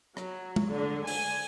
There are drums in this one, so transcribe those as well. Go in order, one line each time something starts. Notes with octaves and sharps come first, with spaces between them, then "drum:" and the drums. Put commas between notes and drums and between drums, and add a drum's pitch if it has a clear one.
F#3, drum: rim click
drum: tom
D3
G#5, drum: open hi-hat